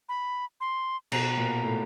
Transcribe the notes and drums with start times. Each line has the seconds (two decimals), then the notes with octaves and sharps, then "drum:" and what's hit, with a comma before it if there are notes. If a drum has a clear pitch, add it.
0.09 B5
0.61 C6
1.12 B2 A#5, drum: cymbal
1.37 A#2
1.63 A2